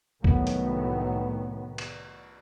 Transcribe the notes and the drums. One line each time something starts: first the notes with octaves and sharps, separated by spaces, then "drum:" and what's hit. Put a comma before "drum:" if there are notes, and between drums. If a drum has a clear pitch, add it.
C2 A2 D#3 F#3 B3, drum: kick C2
drum: hi-hat
drum: cymbal